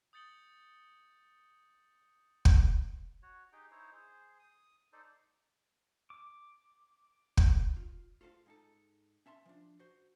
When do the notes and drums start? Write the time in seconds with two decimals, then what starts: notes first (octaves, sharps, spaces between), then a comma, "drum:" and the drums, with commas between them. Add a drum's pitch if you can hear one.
0.13 D#6 G6 A6 C#7 F#7 G7
2.45 drum: kick
3.22 F#4 C#5
3.53 D#4 G4 G#4 G5
3.71 D#4 E4 C5 C#5
3.92 G#4 C5
4.39 D#6
4.93 D#4 A4 C5 D5
6.10 D6
7.37 drum: kick
7.77 F4
8.21 F4 A4 C5 D5 F5
8.46 G#2 D#4 A4
9.26 C#4 E5 A5 C6
9.45 F3 D4
9.79 F#4 C5